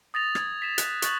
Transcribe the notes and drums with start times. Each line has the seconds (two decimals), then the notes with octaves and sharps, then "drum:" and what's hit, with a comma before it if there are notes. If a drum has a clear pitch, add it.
0.14 D#6 A6 A#6 F7
0.35 G#6, drum: rim click
0.62 B6 E7 F7
0.78 F#6 A6, drum: hi-hat
1.02 C#6 F#6 A6 F#7, drum: hi-hat